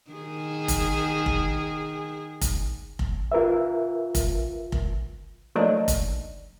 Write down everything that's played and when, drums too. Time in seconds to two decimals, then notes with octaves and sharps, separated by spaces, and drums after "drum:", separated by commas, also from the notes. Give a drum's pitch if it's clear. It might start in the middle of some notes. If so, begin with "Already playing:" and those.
0.11 D#3 G#4
0.68 drum: kick F1, hi-hat
1.26 drum: kick F1
2.41 drum: kick F1, hi-hat
2.99 drum: kick F1
3.32 F4 A#4 B4 E5
4.15 drum: kick F1, hi-hat
4.72 drum: kick F1
5.55 F3 F#3 A3 A#3 D4 D#4
5.88 drum: kick F1, hi-hat